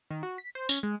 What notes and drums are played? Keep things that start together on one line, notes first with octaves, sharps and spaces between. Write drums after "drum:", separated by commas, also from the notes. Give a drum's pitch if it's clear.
D#3
F#4
B6
C5
C#4, drum: tambourine
G#3